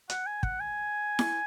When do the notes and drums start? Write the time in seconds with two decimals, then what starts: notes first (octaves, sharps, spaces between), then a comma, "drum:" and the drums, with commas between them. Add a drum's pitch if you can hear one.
0.10 F#5, drum: hi-hat
0.26 G#5
0.43 F#5, drum: kick
0.60 G#5
1.19 drum: snare E4